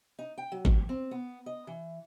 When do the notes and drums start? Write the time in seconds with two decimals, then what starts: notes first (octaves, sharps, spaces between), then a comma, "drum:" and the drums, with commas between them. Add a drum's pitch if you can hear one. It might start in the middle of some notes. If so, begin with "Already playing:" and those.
0.19 D#4
0.38 G5
0.52 F#3
0.65 drum: kick
0.89 C4
1.11 B3
1.46 D#5
1.67 E3